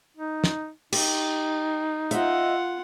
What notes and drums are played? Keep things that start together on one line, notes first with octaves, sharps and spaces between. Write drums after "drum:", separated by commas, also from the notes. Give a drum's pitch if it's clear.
D#4
drum: snare
D#4 G4, drum: cymbal
F4 D#5 E5 F#5, drum: hi-hat